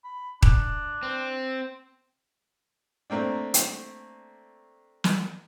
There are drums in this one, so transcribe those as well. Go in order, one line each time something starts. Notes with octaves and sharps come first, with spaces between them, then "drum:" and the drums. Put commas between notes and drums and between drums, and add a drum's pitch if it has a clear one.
B5
D4, drum: kick D#1
C4
A3 A#3 C4 D4
drum: hi-hat
drum: snare